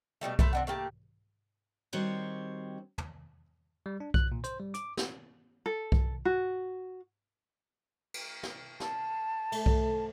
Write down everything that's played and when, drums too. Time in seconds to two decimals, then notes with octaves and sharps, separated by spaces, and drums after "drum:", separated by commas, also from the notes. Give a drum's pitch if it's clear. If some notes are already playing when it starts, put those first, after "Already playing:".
0.21 B2 D3 G3 A3
0.39 A3 A4 B4 C5, drum: kick B1
0.53 C4 D4 F#5
0.67 A3 A#3 G4 A5
1.93 D#3 G3 C4 F#4 C5 C#5
2.98 drum: tom
3.86 G3
4.00 D4
4.14 F#6, drum: kick B1
4.32 A#2
4.44 C5, drum: hi-hat
4.60 G3
4.74 D6, drum: hi-hat
4.97 drum: snare
5.66 A4
5.92 drum: kick B1
6.25 F#4
8.14 drum: cymbal
8.43 drum: snare
8.80 A5, drum: snare
9.52 A3, drum: cymbal
9.66 drum: kick B1